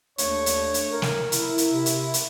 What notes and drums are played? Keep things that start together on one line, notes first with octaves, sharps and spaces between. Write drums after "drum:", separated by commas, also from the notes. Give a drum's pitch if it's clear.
D#2 A3 D4 C#5, drum: hi-hat
drum: hi-hat
drum: hi-hat
A#4
drum: snare
E4, drum: hi-hat
drum: hi-hat
C3
drum: hi-hat
drum: hi-hat